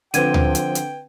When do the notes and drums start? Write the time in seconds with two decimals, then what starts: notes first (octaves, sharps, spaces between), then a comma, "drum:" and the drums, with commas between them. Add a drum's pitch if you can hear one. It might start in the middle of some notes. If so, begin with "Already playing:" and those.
0.14 D3 F3 C4 B4 G5 G#6 D#7, drum: hi-hat
0.34 drum: tom D2
0.55 drum: hi-hat
0.75 drum: hi-hat